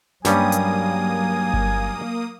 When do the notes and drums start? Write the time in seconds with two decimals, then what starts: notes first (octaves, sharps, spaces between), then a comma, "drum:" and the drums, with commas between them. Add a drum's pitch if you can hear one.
0.25 G2 F#3 G3 A#3 C#4 G#5 D#6, drum: snare
0.52 drum: hi-hat
1.53 drum: kick G1